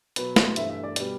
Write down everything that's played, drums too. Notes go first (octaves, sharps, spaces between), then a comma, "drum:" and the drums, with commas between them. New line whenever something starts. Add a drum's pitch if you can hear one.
B2 F#3 B3 B4, drum: hi-hat
C5, drum: snare
G2 E3 A3 E5, drum: hi-hat
E5
D5
B2 G3 B3 D5, drum: hi-hat